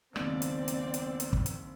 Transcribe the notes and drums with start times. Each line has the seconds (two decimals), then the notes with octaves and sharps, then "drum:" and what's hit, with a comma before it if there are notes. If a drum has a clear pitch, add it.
0.16 F#1 D#2 G#3 B3 C4 D5, drum: rim click
0.42 drum: hi-hat
0.68 drum: hi-hat
0.94 drum: hi-hat
1.20 drum: hi-hat
1.33 drum: kick
1.46 drum: hi-hat